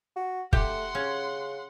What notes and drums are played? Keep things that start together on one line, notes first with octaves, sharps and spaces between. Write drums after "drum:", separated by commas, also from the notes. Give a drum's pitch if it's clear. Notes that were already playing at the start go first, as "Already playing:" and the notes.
F#4
A3 G4 F#5 C6, drum: kick F#1
C#3 C#4